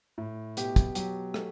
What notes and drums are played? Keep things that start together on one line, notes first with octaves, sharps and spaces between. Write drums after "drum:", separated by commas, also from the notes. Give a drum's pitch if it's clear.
A2
B2 G4, drum: hi-hat
drum: kick, hi-hat
F#3 G4, drum: hi-hat
A3, drum: rim click